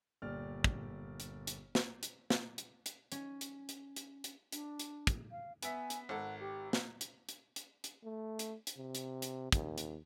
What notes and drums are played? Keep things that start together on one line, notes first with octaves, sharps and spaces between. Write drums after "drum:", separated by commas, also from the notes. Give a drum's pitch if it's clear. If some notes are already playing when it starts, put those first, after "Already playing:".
G1 A#2 G4 D5 F6
drum: kick
drum: hi-hat
drum: hi-hat
drum: snare
drum: hi-hat
drum: snare
drum: hi-hat
drum: hi-hat
C#4, drum: hi-hat
drum: hi-hat
drum: hi-hat
drum: hi-hat
drum: hi-hat
D4, drum: hi-hat
drum: hi-hat
drum: kick, hi-hat
F5
B3 E5 G#5, drum: hi-hat
drum: hi-hat
G#1 A4 F#5
G4
drum: snare
drum: hi-hat
drum: hi-hat
drum: hi-hat
drum: hi-hat
A3
drum: hi-hat
drum: hi-hat
C3
drum: hi-hat
drum: hi-hat
D#2, drum: kick, hi-hat
drum: hi-hat